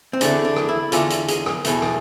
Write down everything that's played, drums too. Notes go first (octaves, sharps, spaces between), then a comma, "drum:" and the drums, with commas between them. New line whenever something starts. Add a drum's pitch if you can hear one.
C4
E2 D3 A3 D4, drum: hi-hat
D4
drum: rim click
E4
E2 D3 A3 F4, drum: hi-hat
drum: hi-hat
G#4, drum: hi-hat
drum: rim click
E2 B2 A3, drum: hi-hat
drum: rim click